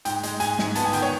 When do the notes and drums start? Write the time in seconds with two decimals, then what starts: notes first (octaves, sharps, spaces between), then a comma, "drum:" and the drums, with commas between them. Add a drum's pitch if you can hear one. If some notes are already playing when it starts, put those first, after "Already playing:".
0.05 G#2 G5, drum: hi-hat
0.23 G#3, drum: hi-hat
0.40 G#2 G#5, drum: hi-hat
0.59 G#2, drum: snare
0.75 B3 A5, drum: hi-hat
0.85 G#5
0.93 D#3 G5, drum: hi-hat
1.02 C#5